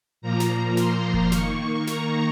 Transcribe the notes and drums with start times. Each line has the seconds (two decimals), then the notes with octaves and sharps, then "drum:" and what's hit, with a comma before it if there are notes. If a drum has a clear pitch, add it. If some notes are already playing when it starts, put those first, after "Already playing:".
0.22 A#2 F3 A#3 A#5
0.40 drum: snare
0.77 C6, drum: snare
1.14 drum: kick F#1
1.32 D#3 A#3 C#6, drum: snare
1.87 A#5, drum: snare